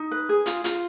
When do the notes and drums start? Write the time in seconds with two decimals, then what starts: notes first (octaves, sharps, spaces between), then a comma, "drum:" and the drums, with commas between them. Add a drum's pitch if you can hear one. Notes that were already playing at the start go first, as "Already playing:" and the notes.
Already playing: D#4
0.11 B4
0.29 G#4
0.46 F4, drum: hi-hat
0.64 F4, drum: hi-hat